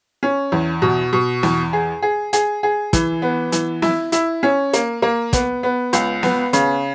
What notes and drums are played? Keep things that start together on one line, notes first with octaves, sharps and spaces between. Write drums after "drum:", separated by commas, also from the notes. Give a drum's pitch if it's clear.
C#4
E2
B2
B2
E2, drum: snare
G#4
G#4
G#4, drum: hi-hat
G#4
E3, drum: kick, hi-hat
B3
E3, drum: hi-hat
E4, drum: snare
E4, drum: hi-hat
C#4
A#3, drum: hi-hat
A#3
B3, drum: kick, hi-hat
B3
C#2, drum: hi-hat
B3, drum: snare
C#3, drum: hi-hat